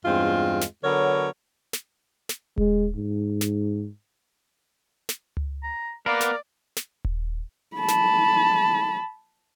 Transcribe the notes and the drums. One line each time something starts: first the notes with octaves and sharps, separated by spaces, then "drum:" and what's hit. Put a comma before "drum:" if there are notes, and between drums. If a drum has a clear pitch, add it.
E2 G2 G#3 C4 F4
drum: snare
D3 F#3 B3 A#4 C#5
drum: snare
drum: snare
G#3, drum: kick D#1
G#2
drum: snare
drum: snare
drum: tom C#2
A#5
A#3 B3 A#4 D5
drum: snare
drum: snare
drum: kick D#1
A5 B5
drum: snare